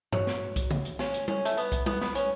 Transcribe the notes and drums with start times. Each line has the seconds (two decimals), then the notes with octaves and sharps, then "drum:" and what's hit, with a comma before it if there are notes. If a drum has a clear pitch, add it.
0.13 F#3, drum: tom G2
0.27 drum: snare
0.56 drum: kick, hi-hat
0.71 drum: tom C#3
0.85 drum: hi-hat
0.99 C#4, drum: snare
1.14 drum: hi-hat
1.28 C#4, drum: tom G3
1.45 A3, drum: hi-hat
1.57 B3, drum: hi-hat
1.72 drum: kick, hi-hat
1.86 B3, drum: tom G3
2.01 B3, drum: snare
2.15 C#4, drum: hi-hat